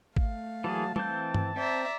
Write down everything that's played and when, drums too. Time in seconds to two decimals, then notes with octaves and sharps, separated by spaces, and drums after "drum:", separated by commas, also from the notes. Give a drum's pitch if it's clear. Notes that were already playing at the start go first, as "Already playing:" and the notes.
0.16 A3 F5, drum: kick
0.64 E3 F#3 A#3 G#4 A5
0.96 E3 C4 A5 G6, drum: tom G3
1.35 drum: tom G2
1.56 C4 C5 D5 E5 A#5